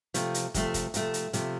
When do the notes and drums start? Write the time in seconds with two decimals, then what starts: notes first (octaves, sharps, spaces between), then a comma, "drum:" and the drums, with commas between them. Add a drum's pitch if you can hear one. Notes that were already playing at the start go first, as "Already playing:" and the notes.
0.14 C3 F3 A3, drum: hi-hat
0.34 drum: hi-hat
0.54 C3 F3 A3, drum: kick, hi-hat
0.74 drum: kick, hi-hat
0.94 C3 F3 A3, drum: hi-hat
1.14 drum: hi-hat
1.33 C3 F3 A3, drum: hi-hat